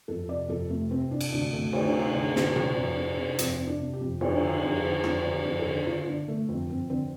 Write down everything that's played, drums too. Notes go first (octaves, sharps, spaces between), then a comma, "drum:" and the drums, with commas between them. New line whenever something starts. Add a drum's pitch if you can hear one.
F2 A4
C3 D5
F2 A4
C3 A3
C3 C4
C3 D4
drum: cymbal
D2 D4
D2 A3
D2, drum: cymbal
C3
D2
D2, drum: snare
C3, drum: tom A#2
F2
C3
C3
F2 C4, drum: hi-hat
C3
D4
C3
G4
F2
F2 F4, drum: cymbal
D3
F2 G4
D3
F2 F4, drum: rim click
D3
G4
F2
A4
D3
D3 F4
D3 D4
D3 A3
F2 C4
F2 C4
D3 C4